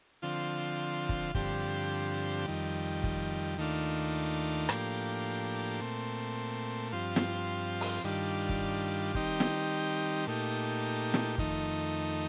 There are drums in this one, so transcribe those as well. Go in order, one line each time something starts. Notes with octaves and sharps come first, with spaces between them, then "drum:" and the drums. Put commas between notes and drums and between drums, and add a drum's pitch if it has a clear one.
D3 F3 C4 F4
drum: kick
G2 D3 F3 C4 G4, drum: kick
F2 D#3 G3
drum: kick
D#2 D#3 A3 D4 F4
A2 F3 A#3 D4 G4, drum: rim click
A#2 A3 C4
G2 F3 C4 F4
drum: snare
drum: open hi-hat
G2 D#3 G3 D4 F4
drum: kick
D#3 G3 C4 D#4 G4, drum: kick
drum: snare
A#2 A3 D#4 G4
drum: snare
F2 D#3 A3 D#4, drum: kick